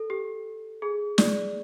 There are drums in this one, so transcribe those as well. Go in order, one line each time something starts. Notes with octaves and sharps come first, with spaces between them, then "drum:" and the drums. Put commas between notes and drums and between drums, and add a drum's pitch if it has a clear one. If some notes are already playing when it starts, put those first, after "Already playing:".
Already playing: A4
G4
G#4
D5, drum: snare